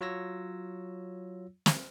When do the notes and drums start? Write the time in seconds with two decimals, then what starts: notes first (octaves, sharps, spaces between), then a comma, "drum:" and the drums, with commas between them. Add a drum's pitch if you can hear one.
0.01 F#3 F4 C#5 E6 A#6
1.66 drum: snare